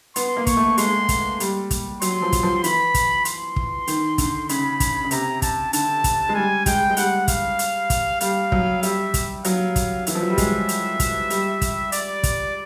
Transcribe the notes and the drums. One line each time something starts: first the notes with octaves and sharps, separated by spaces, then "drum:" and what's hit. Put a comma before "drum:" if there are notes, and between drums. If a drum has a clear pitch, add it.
B3 C6, drum: hi-hat
A#3
C#6, drum: kick, hi-hat
A3
G#3 C6, drum: hi-hat
drum: kick, hi-hat
G3, drum: hi-hat
drum: kick, hi-hat
F#3 C6, drum: hi-hat
F3
drum: kick, hi-hat
F3
E3 B5, drum: hi-hat
drum: kick, hi-hat
C6, drum: hi-hat
drum: kick
D#3, drum: hi-hat
D3, drum: kick, hi-hat
C#3 B5, drum: hi-hat
drum: kick, hi-hat
C#3
C3 A#5, drum: hi-hat
A5, drum: kick, hi-hat
D3 A5, drum: hi-hat
drum: kick, hi-hat
G#3
G3 G#5
G#3 G5, drum: kick, hi-hat
G#3
G3 F#5, drum: hi-hat
F5, drum: kick, hi-hat
drum: hi-hat
drum: kick, hi-hat
G3 F5, drum: hi-hat
F#3, drum: kick
G3 E5, drum: hi-hat
drum: kick, hi-hat
F#3 F5, drum: hi-hat
drum: kick, hi-hat
E3 E5, drum: hi-hat
F3
F#3
G3
G#3, drum: kick, hi-hat
drum: hi-hat
drum: kick, hi-hat
G3, drum: hi-hat
drum: kick, hi-hat
D5, drum: hi-hat
drum: kick, hi-hat